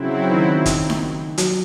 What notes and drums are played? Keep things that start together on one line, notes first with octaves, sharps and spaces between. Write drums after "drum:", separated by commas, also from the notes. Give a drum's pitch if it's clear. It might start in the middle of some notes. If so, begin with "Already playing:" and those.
Already playing: C#3 F#3 C4 E4
D#3
drum: kick, hi-hat
drum: snare D#4
F#3, drum: hi-hat